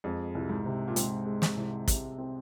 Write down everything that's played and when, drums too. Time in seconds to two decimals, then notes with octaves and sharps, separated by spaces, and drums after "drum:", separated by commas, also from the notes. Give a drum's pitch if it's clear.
0.04 F2 G#3
0.35 C2
0.49 G#2
0.66 C3
0.88 A#2
0.96 G#2 C4, drum: hi-hat
1.26 G#3
1.42 drum: snare
1.57 C2
1.88 C3, drum: kick, hi-hat
2.18 C4